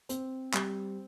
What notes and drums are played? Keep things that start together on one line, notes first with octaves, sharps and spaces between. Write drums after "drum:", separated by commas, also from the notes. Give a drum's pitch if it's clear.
C4, drum: hi-hat
G3, drum: clap